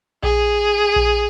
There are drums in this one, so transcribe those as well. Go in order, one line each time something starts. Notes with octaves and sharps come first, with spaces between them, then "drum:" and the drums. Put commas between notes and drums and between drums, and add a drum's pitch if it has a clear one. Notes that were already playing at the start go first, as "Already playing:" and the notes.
G#4, drum: kick A#1
drum: kick A#1